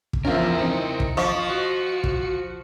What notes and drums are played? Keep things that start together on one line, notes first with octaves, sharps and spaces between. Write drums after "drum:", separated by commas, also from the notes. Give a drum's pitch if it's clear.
drum: kick
E2 F3 C#4 E4 F4 A#4 E5
C4 D#4 C#7
drum: kick
F3 D#5 F5 C#6
F#4
drum: kick